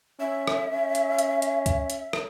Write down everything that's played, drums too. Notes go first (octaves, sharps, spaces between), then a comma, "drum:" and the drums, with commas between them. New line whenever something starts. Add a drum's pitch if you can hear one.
C#4 E5
drum: rim click
C#4
drum: hi-hat
drum: hi-hat
drum: hi-hat
drum: kick, hi-hat
drum: hi-hat
drum: rim click